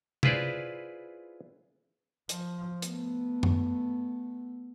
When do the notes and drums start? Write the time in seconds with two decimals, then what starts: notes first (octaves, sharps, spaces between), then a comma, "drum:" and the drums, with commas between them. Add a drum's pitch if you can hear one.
0.23 E4 F4 G#4 B4 C5 D5, drum: tom C3
2.29 F3, drum: hi-hat
2.82 A3 B3, drum: hi-hat
3.43 drum: tom F#2